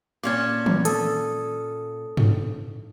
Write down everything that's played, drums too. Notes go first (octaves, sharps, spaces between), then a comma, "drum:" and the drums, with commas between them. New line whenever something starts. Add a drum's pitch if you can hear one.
A#2 C#4 A5 D6 G#6
drum: tom D#3
A4 D#6, drum: hi-hat
drum: tom G2